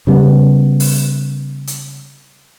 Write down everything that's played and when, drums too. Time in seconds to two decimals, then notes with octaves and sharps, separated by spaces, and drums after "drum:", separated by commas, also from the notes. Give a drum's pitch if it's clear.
0.07 C#3 G3 B3
0.80 drum: open hi-hat
1.67 drum: hi-hat